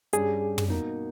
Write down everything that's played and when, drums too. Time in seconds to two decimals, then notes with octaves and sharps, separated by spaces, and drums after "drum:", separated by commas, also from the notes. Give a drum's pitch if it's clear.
0.13 G2 G3 C#4 G4 G#4, drum: hi-hat
0.58 drum: tom
0.68 B2 A#3 D#4